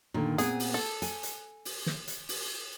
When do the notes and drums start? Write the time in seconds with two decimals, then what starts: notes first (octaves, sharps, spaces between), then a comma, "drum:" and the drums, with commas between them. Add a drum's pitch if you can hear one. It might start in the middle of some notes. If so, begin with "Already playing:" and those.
0.14 A#2 D3 D#3
0.38 A#2 B3 C4 G#4, drum: hi-hat
0.60 drum: open hi-hat
0.74 A4
1.02 G#5, drum: hi-hat
1.23 drum: hi-hat
1.65 drum: open hi-hat
1.86 drum: snare
2.08 drum: hi-hat
2.29 drum: open hi-hat